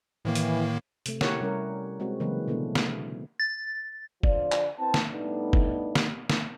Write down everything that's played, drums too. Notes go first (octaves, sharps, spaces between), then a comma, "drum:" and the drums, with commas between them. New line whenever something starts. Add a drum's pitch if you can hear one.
A2 D#3 E3 A#3
drum: hi-hat
C3 A3, drum: hi-hat
E4 G4 A#4 C#5 F#5, drum: snare
C3 G3 C#4 A#4
G#3 C4 F#4
C#3 E3 F#3 G#3 A#3 B4
B2 D3 A3 B3 D4
drum: snare
A6
D3 F3 F4 D5, drum: kick
drum: clap
C4 E4 B4 A5
drum: snare
A2 G3 A3 B3 D4 D#4
drum: kick
drum: snare
drum: snare